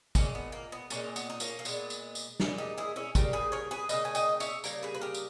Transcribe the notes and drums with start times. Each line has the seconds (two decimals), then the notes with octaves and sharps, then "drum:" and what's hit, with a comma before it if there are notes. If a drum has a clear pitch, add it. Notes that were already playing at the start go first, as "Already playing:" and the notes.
0.15 A#2 G#3 A#3 C#4, drum: kick, tambourine
0.35 B3
0.52 A#3
0.72 B3
0.90 A#2 G#3 A#3 C#4, drum: tambourine
1.16 B3, drum: tambourine
1.30 D#4
1.40 A#3 C#4, drum: tambourine
1.59 A#3
1.65 A#2 G#3 B3, drum: tambourine
1.90 drum: tambourine
2.15 drum: tambourine
2.40 A#2 G#3 C#4 E4, drum: snare
2.58 D#4 G4
2.78 E4 G#4
2.96 C#4 E4
3.15 C#3 G3 A#3 G4 A#4, drum: kick, tambourine
3.33 G#4 B4
3.52 A#4 C#5
3.71 G#4 B4
3.89 C#3 G3 A#3 B4 D#5, drum: tambourine
4.05 G#5
4.15 D#5 G5, drum: tambourine
4.40 C#5 E5, drum: tambourine
4.64 C#3 G3 A#3 A#4 C#5, drum: tambourine
4.83 G#4 B4
4.95 B4
5.01 G4 A#4
5.14 drum: tambourine